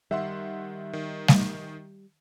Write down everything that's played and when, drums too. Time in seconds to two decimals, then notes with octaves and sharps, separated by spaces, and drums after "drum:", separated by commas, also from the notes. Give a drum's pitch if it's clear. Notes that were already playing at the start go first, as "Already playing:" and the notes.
0.11 D#3 G3 E5 F#5 C6
0.93 D#3
1.28 drum: snare G3